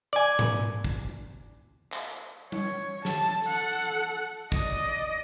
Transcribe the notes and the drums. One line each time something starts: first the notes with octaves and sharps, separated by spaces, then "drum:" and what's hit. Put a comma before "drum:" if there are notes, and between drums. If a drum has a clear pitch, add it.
D5 G#5
drum: tom G#2
drum: kick
drum: clap
C#5, drum: tom G3
A5, drum: snare
A4 F#5, drum: open hi-hat
D5 D#5, drum: kick